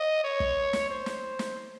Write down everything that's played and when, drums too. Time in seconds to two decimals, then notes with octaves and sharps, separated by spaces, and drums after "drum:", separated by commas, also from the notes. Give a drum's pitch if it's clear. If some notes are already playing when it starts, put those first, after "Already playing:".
Already playing: D#5
0.24 C#5
0.40 drum: kick
0.73 drum: snare
0.90 C5
1.06 drum: snare
1.39 drum: snare